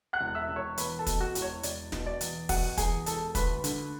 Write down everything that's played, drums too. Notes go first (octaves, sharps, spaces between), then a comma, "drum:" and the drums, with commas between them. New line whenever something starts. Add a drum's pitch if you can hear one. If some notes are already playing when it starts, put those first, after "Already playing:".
F#5 F#6
E1
E5 E6
E1
C#5 C#6
E2 B4 B5, drum: hi-hat
A4 A5
B2, drum: kick, hi-hat
F#4 F#5
E1, drum: hi-hat
C#5
E1 D5, drum: hi-hat
B2, drum: snare
D5
E2, drum: hi-hat
B2 F#4 F#5, drum: kick, open hi-hat
E2 G#4 G#5, drum: kick, hi-hat
E1 A4 A5, drum: hi-hat
D2 B4 B5, drum: kick, hi-hat
D3, drum: hi-hat